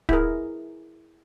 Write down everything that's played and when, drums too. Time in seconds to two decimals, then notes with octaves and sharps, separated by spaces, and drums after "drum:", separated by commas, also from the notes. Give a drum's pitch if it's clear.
0.09 E4 G#4 A#4, drum: kick